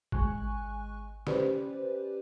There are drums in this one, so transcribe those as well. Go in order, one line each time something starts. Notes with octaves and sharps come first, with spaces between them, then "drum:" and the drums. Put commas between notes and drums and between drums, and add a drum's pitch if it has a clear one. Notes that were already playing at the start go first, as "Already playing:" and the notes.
G#1 G#3 G#5 C#6 F#6, drum: kick A1
C#4 G4 B4 C5 D5, drum: snare